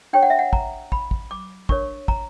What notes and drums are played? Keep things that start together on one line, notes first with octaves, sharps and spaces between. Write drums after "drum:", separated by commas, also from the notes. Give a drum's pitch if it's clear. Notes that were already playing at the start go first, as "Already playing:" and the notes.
D4 G4 C#5 G5
F#5
E5
F#5
A#5, drum: kick
B5, drum: kick
drum: kick
D6
D4 A#4 C#5 C#6, drum: kick
A#5, drum: kick